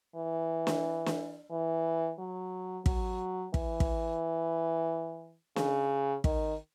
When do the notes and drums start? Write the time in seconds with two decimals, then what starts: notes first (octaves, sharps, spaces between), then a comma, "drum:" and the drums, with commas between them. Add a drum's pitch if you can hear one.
0.16 E3
0.67 drum: snare
1.06 drum: snare
1.51 E3
2.19 F#3
2.86 F#3, drum: kick
3.54 E3, drum: kick
3.80 drum: kick
5.56 C#3, drum: snare
6.24 D#3, drum: kick